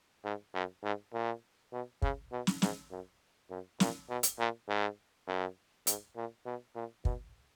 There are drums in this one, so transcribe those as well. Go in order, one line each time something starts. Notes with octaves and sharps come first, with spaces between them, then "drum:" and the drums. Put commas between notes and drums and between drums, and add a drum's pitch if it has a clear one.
G#2
F#2
G#2
A#2
B2
C#3, drum: kick
B2
drum: snare
G#2, drum: snare
F#2
F#2
A#2, drum: snare
B2
drum: hi-hat
A#2
G#2
F#2
G#2, drum: hi-hat
A#2
B2
A#2
B2, drum: kick